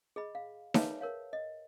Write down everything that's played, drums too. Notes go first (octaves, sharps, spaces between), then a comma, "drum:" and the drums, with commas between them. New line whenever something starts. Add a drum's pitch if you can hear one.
G#4 D#5 B5
F5
G#4 B4 C#5 E5 F5 A5, drum: snare D#4
A#4 C#5 F5
D#5